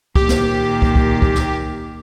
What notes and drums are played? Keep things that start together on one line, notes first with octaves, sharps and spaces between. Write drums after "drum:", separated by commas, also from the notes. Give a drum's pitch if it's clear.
A#2 D#3 G4, drum: kick
drum: snare
drum: kick
drum: kick
drum: kick
drum: snare